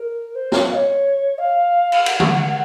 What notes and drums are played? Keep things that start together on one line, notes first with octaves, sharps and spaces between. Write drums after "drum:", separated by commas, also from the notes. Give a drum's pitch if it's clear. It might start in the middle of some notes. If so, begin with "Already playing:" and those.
Already playing: A#4
C5
C#5, drum: snare
F5
C#5
F5
drum: cymbal
F#5, drum: cymbal
drum: tom D3